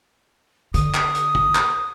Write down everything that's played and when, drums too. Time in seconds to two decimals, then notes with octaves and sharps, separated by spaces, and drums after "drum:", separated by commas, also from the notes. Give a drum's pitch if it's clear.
0.74 D3 D#6, drum: hi-hat
0.94 drum: clap
1.15 drum: hi-hat
1.35 drum: kick
1.55 drum: clap